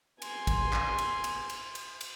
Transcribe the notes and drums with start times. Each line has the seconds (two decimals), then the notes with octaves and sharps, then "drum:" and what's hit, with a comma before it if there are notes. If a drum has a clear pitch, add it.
0.22 G#5 C6, drum: cymbal
0.47 drum: kick, cymbal
0.73 drum: clap
0.98 drum: cymbal
1.24 drum: cymbal
1.50 drum: cymbal
1.75 drum: cymbal
2.01 drum: cymbal